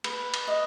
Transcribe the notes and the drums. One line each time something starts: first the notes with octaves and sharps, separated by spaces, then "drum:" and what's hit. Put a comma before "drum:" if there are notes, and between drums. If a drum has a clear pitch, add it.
B4, drum: cymbal
drum: cymbal
D#5